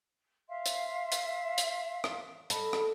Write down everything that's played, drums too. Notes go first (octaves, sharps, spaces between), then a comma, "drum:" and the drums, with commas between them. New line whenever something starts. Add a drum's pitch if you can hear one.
E5 F5 C6
drum: hi-hat
drum: hi-hat
drum: hi-hat
drum: rim click
A4 D#5 B5, drum: hi-hat
drum: rim click